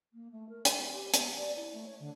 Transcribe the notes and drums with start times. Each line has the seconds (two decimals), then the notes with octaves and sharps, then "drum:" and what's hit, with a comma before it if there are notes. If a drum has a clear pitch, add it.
0.13 A#3
0.31 A3
0.49 A#4
0.65 C#5, drum: hi-hat
0.78 C4
0.93 G4
1.14 B3, drum: hi-hat
1.35 D5
1.56 E4
1.73 A3
1.86 C#5
1.99 D3